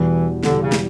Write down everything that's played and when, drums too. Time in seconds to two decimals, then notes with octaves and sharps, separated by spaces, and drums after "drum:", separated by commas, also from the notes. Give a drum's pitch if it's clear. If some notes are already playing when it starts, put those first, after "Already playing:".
Already playing: E2 B2 E3 G3
0.43 E2 B2 D3 G3, drum: snare
0.62 C#3
0.72 drum: snare